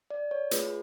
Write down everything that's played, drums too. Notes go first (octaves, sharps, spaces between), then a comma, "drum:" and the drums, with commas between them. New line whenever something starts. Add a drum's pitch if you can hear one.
D5
C#5
A3 F4 G#4 B4, drum: hi-hat